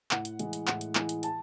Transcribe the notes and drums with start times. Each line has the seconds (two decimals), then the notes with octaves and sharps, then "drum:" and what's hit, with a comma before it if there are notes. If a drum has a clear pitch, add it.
0.11 A2 F#5, drum: clap
0.25 drum: hi-hat
0.39 E3 G#3, drum: hi-hat
0.53 drum: hi-hat
0.67 A2 F#5, drum: clap
0.81 drum: hi-hat
0.95 E3 G#3, drum: clap
1.09 drum: hi-hat
1.23 A5, drum: hi-hat